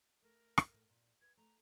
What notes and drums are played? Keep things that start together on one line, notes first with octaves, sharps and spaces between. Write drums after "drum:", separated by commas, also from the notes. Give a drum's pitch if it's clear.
A3 A#4
drum: rim click
A2
A#2
B4 G#6
A3 A#5